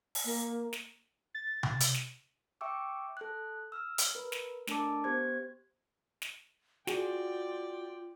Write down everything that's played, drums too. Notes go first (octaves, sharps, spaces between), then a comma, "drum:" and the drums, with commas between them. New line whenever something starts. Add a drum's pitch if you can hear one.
drum: open hi-hat
A#3
drum: snare
A6
drum: tom C3
drum: hi-hat
drum: snare
E5 G5 C#6 D6 E6
A4 F#6
E6 F6
drum: hi-hat
A#4 B4
drum: snare
A3 D4 A#4 A5 D6, drum: snare
B3 G4 C5 G#6
drum: snare
F4 F#4 G#4 D5 G5, drum: snare